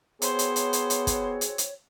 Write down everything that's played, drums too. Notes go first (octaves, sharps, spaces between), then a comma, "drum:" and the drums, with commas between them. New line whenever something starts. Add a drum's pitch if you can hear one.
B3 C4 F#4 G#4 C5 C#5, drum: hi-hat
drum: hi-hat
drum: hi-hat
drum: hi-hat
drum: hi-hat
drum: kick, hi-hat
drum: hi-hat
drum: hi-hat